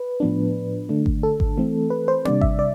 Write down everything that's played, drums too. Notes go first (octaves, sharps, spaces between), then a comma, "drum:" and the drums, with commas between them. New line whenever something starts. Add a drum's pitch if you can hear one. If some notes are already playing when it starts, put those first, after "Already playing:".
Already playing: B4
A2 F3 B3 D4
D3 A3 D4
drum: kick G#1
A4
drum: kick G#1
E3 A3 C4
B4
C5
C3 G3 D4 D5, drum: tom A#3
E5, drum: kick G#1
D5